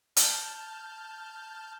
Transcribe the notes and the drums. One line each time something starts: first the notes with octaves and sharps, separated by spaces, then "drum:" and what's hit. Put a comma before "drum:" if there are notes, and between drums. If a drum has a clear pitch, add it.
A5 F6 G6, drum: hi-hat